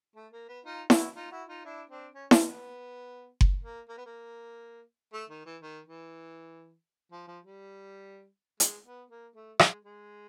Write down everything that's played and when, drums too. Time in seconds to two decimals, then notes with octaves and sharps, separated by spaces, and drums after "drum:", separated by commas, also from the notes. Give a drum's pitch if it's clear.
0.16 A3
0.32 A#3
0.49 B3
0.65 D#4 F4
0.90 E4 F#4, drum: snare E4
1.16 D#4 F4
1.31 E4 F#4
1.48 D#4 F4
1.65 D4 E4
1.90 C4 D4
2.14 C#4
2.31 C4, drum: snare E4
2.48 B3
3.41 drum: kick F#1
3.63 A#3
3.89 A#3
3.97 B3
4.06 A#3
5.13 A3
5.30 D#3
5.46 E3
5.62 D#3
5.88 E3
7.12 F3
7.28 F3
7.44 G3
8.60 G#3, drum: hi-hat
8.86 B3
9.11 A#3
9.35 A3
9.59 G#3, drum: rim click
9.85 G#3